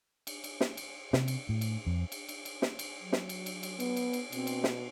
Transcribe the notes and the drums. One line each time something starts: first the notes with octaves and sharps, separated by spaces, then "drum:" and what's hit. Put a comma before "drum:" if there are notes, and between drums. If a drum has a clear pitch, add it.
drum: cymbal
drum: cymbal
drum: snare
drum: cymbal
C3, drum: snare
drum: cymbal
A2
drum: cymbal
F2
drum: cymbal
drum: cymbal
drum: cymbal
drum: snare
drum: cymbal
F#3
drum: snare
drum: cymbal
drum: cymbal
drum: cymbal
B3, drum: cymbal
drum: cymbal
drum: cymbal
B2 C4, drum: cymbal
drum: cymbal
drum: snare